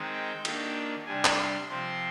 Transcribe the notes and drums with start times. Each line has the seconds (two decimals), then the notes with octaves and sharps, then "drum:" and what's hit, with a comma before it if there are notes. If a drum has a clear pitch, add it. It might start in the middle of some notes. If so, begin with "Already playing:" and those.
Already playing: D#3 G#3 C4 D#4
0.13 G5
0.45 D#3 A#3 D4, drum: cymbal
1.07 C3 G3 D4 G#5
1.25 drum: clap
1.38 C6
1.69 C3 F3 C4 C6